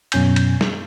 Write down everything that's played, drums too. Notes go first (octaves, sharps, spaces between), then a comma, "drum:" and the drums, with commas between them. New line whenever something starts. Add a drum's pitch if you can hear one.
F#2 B2 C#4 G#5 G6, drum: cymbal
drum: cymbal
drum: snare